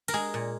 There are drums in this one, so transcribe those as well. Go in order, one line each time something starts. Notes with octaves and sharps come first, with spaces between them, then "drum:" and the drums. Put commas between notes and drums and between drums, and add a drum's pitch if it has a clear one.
A#4, drum: cymbal
G#3 G#4
A#2